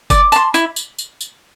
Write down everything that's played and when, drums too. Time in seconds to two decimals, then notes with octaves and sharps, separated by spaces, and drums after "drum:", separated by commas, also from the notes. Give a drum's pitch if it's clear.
0.10 D5, drum: kick F#1, tambourine
0.32 A5 C6, drum: tambourine
0.54 E4, drum: tambourine
0.76 drum: tambourine
0.98 drum: tambourine
1.21 drum: tambourine